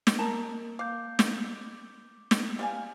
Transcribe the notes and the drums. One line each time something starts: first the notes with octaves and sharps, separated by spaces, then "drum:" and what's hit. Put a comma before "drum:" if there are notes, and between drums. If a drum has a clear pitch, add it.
drum: snare
A#3 A#4 A5 A#5
F5 D6 G6
drum: snare
drum: snare
G3 F5 G#5